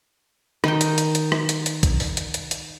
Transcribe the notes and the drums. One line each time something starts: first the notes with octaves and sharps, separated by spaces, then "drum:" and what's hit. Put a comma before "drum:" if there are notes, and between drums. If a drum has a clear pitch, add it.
D#3 G5, drum: rim click
drum: hi-hat
drum: hi-hat
drum: hi-hat
drum: rim click
drum: hi-hat
drum: hi-hat
drum: kick, hi-hat
drum: open hi-hat
drum: hi-hat
drum: hi-hat
drum: hi-hat